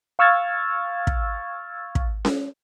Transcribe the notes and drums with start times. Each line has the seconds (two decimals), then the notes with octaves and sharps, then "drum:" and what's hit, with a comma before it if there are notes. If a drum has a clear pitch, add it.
0.19 F5 C#6 E6 F6 G#6 A6
1.07 drum: kick
1.95 drum: kick
2.25 drum: snare C#4